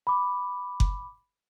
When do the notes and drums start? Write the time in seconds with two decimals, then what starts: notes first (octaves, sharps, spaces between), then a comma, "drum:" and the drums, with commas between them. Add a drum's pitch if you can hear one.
0.07 B5 D6
0.80 drum: kick F#1